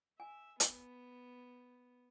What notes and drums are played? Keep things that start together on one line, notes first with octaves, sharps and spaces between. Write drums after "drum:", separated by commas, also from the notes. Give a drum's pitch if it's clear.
E5 G#5
B3, drum: hi-hat